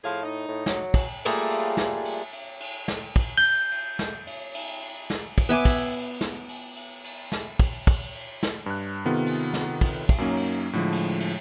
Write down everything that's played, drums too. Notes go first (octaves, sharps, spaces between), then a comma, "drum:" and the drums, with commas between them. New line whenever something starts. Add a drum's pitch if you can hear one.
A2 F3 G#4 F5
D#4
A2
F#3, drum: snare
drum: kick, cymbal
G3 A3 A#3 F4 G#4 A4
drum: cymbal
drum: snare
drum: cymbal
drum: cymbal
drum: cymbal
drum: snare
drum: kick, cymbal
G6
drum: cymbal
drum: snare
drum: cymbal
drum: cymbal
drum: cymbal
drum: snare
drum: kick, cymbal
B3 E5 G#5 D6
drum: kick, cymbal
drum: cymbal
drum: snare
drum: cymbal
drum: cymbal
drum: cymbal
drum: snare
drum: kick, cymbal
drum: kick, cymbal
drum: cymbal
drum: snare
G2 F#6
C3 D#3 B3 F4 A4
drum: cymbal
drum: snare
drum: kick, cymbal
drum: kick, cymbal
F#2 F#3 A#3 C#4 D#4
drum: cymbal
A2 D3 F3 G#3
drum: cymbal
drum: cymbal